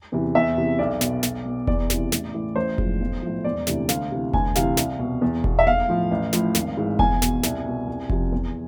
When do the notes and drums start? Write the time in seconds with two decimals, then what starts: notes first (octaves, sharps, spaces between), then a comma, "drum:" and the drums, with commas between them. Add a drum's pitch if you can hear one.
0.12 E2 C3 E3
0.35 E2 E5
0.57 C3 E3
0.79 B1 D5
1.01 B2, drum: snare
1.23 B1, drum: snare
1.45 B2
1.67 E2 D5, drum: kick F1
1.90 C3 E3, drum: snare
2.12 A1, drum: snare
2.34 A2 E3
2.56 A1 C5
2.78 G#2 F3, drum: kick F1
3.00 B1
3.22 A2 F3
3.44 E1 D5
3.67 D2 C3 E3, drum: snare
3.89 D2 F5, drum: snare
4.11 C3 E3
4.33 D2 G#5, drum: kick F1
4.55 C3 E3 F5, drum: snare
4.77 C2, drum: snare
4.99 B2
5.21 E2
5.44 B2, drum: kick F1
5.59 E5
5.66 B1 F5
5.88 A2 F3
6.11 A1
6.33 A2 F3, drum: snare
6.55 G#1, drum: snare
6.77 G#2 E3
6.99 E2 G#5, drum: kick F1
7.22 B2, drum: snare
7.43 C2, drum: snare
7.66 B2
7.87 C2
8.10 C3 F3, drum: kick F1
8.32 E2